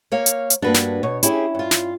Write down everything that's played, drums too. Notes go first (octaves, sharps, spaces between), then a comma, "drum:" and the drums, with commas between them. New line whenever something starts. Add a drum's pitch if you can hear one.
A#3 C#5 F5
drum: hi-hat
drum: hi-hat
G2 A#3 D4 F#4 B4
drum: snare
B2 C#5
C#4 E4 G4 G#4, drum: hi-hat
G2 F4
drum: snare